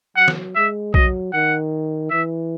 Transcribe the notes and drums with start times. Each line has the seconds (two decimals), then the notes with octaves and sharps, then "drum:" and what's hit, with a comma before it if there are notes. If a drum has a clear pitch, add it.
0.16 F#3 F#5
0.28 drum: snare
0.55 G#3 E5
0.94 F#3 D#5, drum: kick B1
1.33 D#3 F#5
2.10 E3 E5